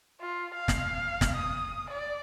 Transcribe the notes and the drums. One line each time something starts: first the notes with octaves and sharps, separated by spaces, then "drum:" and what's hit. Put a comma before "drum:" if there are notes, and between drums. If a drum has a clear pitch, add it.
F4
F5
drum: snare
drum: snare
D#6
D5